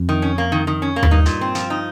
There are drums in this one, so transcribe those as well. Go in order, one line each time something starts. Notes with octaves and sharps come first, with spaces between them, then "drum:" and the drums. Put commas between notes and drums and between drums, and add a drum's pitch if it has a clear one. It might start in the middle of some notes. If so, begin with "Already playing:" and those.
Already playing: F2
D#3
C#4
A#3
D#3
D#3
C#4
A#3
G#2, drum: tom D#2
G2 D#4
A#2, drum: hi-hat
C4
F3, drum: hi-hat
D#4